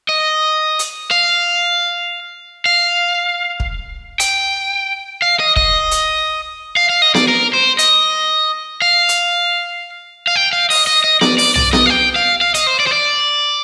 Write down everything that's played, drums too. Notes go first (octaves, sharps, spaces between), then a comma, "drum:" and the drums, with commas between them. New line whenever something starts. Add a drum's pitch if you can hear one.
D#5
drum: hi-hat
F5
F5
drum: kick
G5, drum: hi-hat
F5
D#5
D#5, drum: kick
drum: hi-hat
F5
F5
D#5
D5, drum: snare B3
A#4
C5
D#5, drum: hi-hat
F5
drum: hi-hat
F5
G5
F5
D#5, drum: open hi-hat
D#5
D#5
D5, drum: snare B3
D5, drum: open hi-hat
D5, drum: tom
D#5, drum: snare B3
F5
G5
F5
F5
D#5, drum: hi-hat
C5
D5
C5
D5